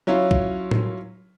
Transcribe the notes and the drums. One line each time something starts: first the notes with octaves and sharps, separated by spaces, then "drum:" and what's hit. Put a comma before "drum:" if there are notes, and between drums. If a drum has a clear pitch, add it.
F#3 C#4 E4 F4
drum: kick
drum: tom